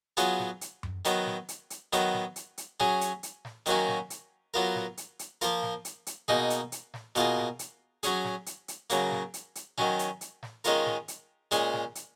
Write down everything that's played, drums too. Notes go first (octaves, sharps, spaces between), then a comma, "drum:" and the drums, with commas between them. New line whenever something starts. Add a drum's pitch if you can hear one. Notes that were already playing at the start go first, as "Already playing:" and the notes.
F#3 B3 F4 G#4, drum: hi-hat
drum: snare
drum: hi-hat
drum: tom F#2
D#3 F#3 B3, drum: hi-hat
drum: snare
drum: hi-hat
drum: hi-hat
D#3 F#3 B3, drum: hi-hat
drum: snare
drum: hi-hat
drum: hi-hat
F#3 C#4 G#4, drum: snare
drum: hi-hat
drum: hi-hat
drum: snare
D#3 F#3 A#3 C#4 F#4, drum: hi-hat
drum: snare
drum: hi-hat
F#3 B3 F4 A#4
drum: snare
drum: hi-hat
drum: hi-hat
F3 A#3 F4 A#4, drum: hi-hat
drum: snare
drum: hi-hat
drum: hi-hat
B2 A#3 D#4 G#4, drum: snare
drum: hi-hat
drum: hi-hat
drum: snare
B2 A#3 F4 G#4, drum: hi-hat
drum: snare
drum: hi-hat
F#3 C#4 G#4, drum: hi-hat
drum: snare
drum: hi-hat
drum: hi-hat
C#3 F#3 A#3, drum: hi-hat
drum: snare
drum: hi-hat
drum: hi-hat
D#3 F#3 C#4, drum: snare
drum: hi-hat
drum: hi-hat
drum: snare
D#3 G#3 C#4 F4 A#4, drum: hi-hat
drum: snare
drum: hi-hat
A#2 G#3 C#4 G#4, drum: hi-hat
drum: snare
drum: hi-hat